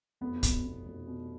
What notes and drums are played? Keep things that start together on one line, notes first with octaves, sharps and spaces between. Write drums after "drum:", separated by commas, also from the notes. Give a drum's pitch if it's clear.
F1 B3
B2, drum: kick, hi-hat
B2
F1
B2